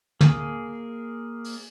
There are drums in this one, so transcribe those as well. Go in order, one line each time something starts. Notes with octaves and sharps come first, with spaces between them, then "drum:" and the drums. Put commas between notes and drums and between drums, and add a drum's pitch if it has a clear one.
A#3 G#4, drum: tom
drum: open hi-hat